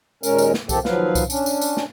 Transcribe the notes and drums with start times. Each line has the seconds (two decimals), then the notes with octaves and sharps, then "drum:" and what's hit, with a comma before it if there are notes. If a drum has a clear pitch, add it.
0.23 D#2 A#2 G#3 C#4 A#4, drum: tambourine
0.38 drum: tambourine
0.54 drum: snare
0.69 C3 F3 A#3 C4 G4 A4, drum: kick C2, tambourine
0.85 D#2 F3 F#3 B4 F5, drum: snare
1.15 drum: kick C2, tambourine
1.30 C#4 D4, drum: tambourine
1.46 drum: tambourine
1.61 drum: tambourine
1.77 drum: snare